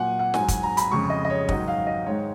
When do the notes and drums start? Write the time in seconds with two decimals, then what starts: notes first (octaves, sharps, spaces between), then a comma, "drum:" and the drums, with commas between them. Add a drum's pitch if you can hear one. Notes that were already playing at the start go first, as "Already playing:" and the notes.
Already playing: A#2 F#3 F#5 G#5
0.19 F#5
0.34 G#2 G#5, drum: snare
0.39 F#3
0.48 G#5, drum: kick, hi-hat
0.63 A#5
0.77 B5, drum: hi-hat
0.91 F2 C#3 G#3 C#6
1.10 D#5
1.25 D#5
1.30 C#5
1.49 G#2 D#3 F#3 D#5, drum: kick
1.68 F5
1.87 D#5
2.06 G#2 D#3 G#3 C#5